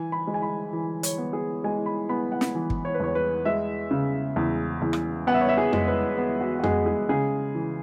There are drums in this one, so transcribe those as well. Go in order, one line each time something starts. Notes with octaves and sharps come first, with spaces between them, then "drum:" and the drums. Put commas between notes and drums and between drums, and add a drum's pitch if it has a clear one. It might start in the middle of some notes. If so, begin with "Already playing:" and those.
Already playing: E3 G#5
B5
G#3
G#5
B5
E3
C#5, drum: hi-hat
B3
G#4
G#3 G#5
B5
B3 B5
F#5
drum: snare
E3
drum: kick
C#5
B4
E2 C#5
B4
G#3 E5
C#3
E2
E2
drum: rim click
B3 F#5
E5
C#5
E5
G#4
G#3, drum: tom F2
B4
B3
F#4
F#4
G#3 G#4, drum: tom F2
G#4
C#3 G#4
E3